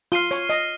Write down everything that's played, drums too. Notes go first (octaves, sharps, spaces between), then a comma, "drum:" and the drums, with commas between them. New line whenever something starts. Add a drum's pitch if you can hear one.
F4 F6 C7 D#7 G7, drum: hi-hat
C#5, drum: hi-hat
D#5, drum: hi-hat